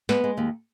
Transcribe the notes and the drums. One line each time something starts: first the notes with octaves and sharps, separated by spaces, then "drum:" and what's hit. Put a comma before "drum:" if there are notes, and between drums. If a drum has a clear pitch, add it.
G#3 B3, drum: snare
G#3
D#2